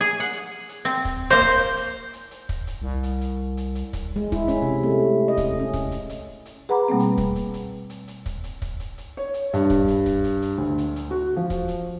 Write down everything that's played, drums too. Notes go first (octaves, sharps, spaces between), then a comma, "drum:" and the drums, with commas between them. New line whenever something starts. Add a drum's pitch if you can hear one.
G#4
F#5
drum: hi-hat
drum: hi-hat
C4, drum: hi-hat
drum: kick, hi-hat
A#3 A#4 C5
drum: kick, hi-hat
drum: hi-hat
drum: hi-hat
drum: hi-hat
drum: hi-hat
drum: kick, hi-hat
drum: hi-hat
C2
drum: hi-hat
drum: hi-hat
drum: hi-hat
drum: hi-hat
drum: kick, hi-hat
G#3
E4, drum: kick, hi-hat
C#4, drum: hi-hat
C3
A3
D#5
drum: kick, hi-hat
C#4
drum: kick, hi-hat
drum: hi-hat
drum: hi-hat
drum: hi-hat
G#4 B4 F#5 A#5 B5 D6
B2 G3 A3 A#3 C4
drum: hi-hat
drum: kick, hi-hat
drum: hi-hat
drum: hi-hat
drum: hi-hat
drum: hi-hat
drum: kick, hi-hat
drum: hi-hat
drum: kick, hi-hat
drum: hi-hat
drum: hi-hat
C#5
drum: hi-hat
G2, drum: hi-hat
drum: kick, hi-hat
drum: hi-hat
drum: kick, hi-hat
drum: hi-hat
drum: hi-hat
D2
drum: hi-hat
drum: hi-hat
F#4
F3
drum: kick, hi-hat
drum: hi-hat